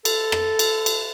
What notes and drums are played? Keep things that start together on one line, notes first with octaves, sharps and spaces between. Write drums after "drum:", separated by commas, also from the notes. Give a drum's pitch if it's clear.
A4, drum: cymbal
drum: rim click
drum: cymbal
drum: cymbal